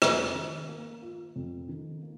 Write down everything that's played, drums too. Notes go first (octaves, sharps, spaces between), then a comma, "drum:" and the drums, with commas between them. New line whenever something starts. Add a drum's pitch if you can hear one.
F2, drum: rim click
D#3
A#3
F4
F2
D#3
A#3